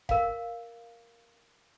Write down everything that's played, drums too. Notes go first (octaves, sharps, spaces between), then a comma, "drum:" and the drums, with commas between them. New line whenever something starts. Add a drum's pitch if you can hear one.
A#4 F5, drum: kick F1